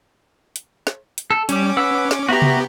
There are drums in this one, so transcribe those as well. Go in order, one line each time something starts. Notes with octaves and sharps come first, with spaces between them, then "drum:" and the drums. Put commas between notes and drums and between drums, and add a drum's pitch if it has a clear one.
drum: hi-hat
drum: snare
drum: hi-hat
A4
G3 C#4 D6, drum: hi-hat
B4 F#5 E6
drum: snare
B3 F#4 G4 E5 A#5
drum: tom C3